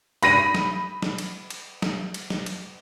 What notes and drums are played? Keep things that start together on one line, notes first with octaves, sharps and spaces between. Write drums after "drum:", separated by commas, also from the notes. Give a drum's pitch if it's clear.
B5 A#6 D#7, drum: cymbal
drum: snare
drum: snare
drum: cymbal
drum: cymbal
drum: snare
drum: cymbal
drum: snare
drum: cymbal